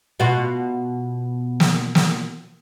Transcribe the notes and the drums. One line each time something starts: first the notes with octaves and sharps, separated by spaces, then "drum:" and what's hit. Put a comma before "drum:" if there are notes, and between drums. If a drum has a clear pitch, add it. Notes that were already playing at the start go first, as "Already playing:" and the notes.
B2 F4 F#4
drum: snare
drum: snare